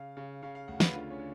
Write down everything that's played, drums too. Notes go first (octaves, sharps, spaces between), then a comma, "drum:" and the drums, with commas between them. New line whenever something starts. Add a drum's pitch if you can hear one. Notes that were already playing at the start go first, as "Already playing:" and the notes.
Already playing: C#3 F5
C#3
C#3 F5
F5
D2 F#5
B4, drum: snare
D3 F4
C#4
D3